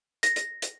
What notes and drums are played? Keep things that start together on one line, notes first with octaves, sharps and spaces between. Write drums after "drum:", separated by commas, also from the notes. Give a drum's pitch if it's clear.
A#6, drum: hi-hat
drum: hi-hat
drum: hi-hat